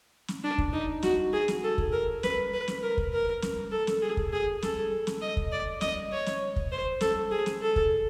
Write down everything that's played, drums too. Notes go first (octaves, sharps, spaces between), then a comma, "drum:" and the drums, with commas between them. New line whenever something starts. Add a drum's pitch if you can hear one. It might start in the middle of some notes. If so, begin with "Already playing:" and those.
drum: snare
D4
drum: kick
D#4
F#4, drum: snare
G#4
drum: snare
A4
drum: kick
A#4
B4, drum: snare
B4
drum: snare
A#4
drum: kick
A#4
drum: snare
A4
drum: snare
G#4
drum: kick
G#4
A4, drum: snare
drum: snare
D#5
drum: kick
D5
D#5, drum: snare
C#5
drum: snare
drum: kick
C5
A4, drum: snare
G#4
drum: snare
A4
drum: kick